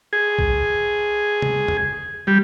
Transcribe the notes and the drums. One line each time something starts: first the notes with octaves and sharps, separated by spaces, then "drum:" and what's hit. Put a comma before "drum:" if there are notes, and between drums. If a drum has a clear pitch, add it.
G#4
drum: kick
drum: tom
drum: tom E2
G3